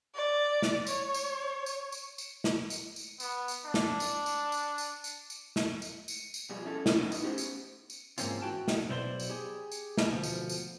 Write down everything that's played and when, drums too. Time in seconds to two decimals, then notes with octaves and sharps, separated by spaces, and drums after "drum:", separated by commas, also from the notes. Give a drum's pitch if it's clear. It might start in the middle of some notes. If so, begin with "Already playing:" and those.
0.15 D5
0.62 drum: snare
0.87 C#5, drum: tambourine
1.14 drum: tambourine
1.66 drum: tambourine
1.92 drum: tambourine
2.18 drum: tambourine
2.44 drum: snare
2.70 drum: tambourine
2.96 drum: tambourine
3.20 B3, drum: tambourine
3.48 drum: tambourine
3.65 D4
3.74 drum: snare
4.00 drum: tambourine
4.26 drum: tambourine
4.52 drum: tambourine
4.78 drum: tambourine
5.04 drum: tambourine
5.30 drum: tambourine
5.56 drum: snare
5.82 drum: tambourine
6.08 drum: tambourine
6.34 drum: tambourine
6.50 E2 B2 F3 G3 G#4
6.65 C#4 E4 A4
6.86 drum: snare
6.96 A3 B3 D#4 E4
7.12 drum: tambourine
7.23 B3 C#4 G4 G#4 C5
7.38 drum: tambourine
7.90 drum: tambourine
8.18 G#2 E3 A#3 C4 C#4 F4, drum: tambourine
8.42 E4 F#4 G5 A5
8.68 drum: snare
8.89 B1 B2 E4 C5 D5 C6
9.20 drum: tambourine
9.30 G4 G#4
9.72 drum: tambourine
9.97 drum: snare
10.13 D2 B2 F3
10.23 drum: tambourine
10.49 drum: tambourine